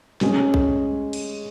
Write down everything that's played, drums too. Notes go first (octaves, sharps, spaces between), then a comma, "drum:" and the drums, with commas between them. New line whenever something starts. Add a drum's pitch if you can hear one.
G#3 C#4 G#4, drum: snare
drum: kick
drum: cymbal